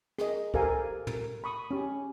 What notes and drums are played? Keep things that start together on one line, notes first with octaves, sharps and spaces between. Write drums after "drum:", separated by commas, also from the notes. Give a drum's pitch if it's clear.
G#4 A#4 D#5, drum: rim click
G4 A4 A#4 C5 F5 G#5, drum: kick C2
A#4, drum: tom
B5 C#6 D#6
C#4 G4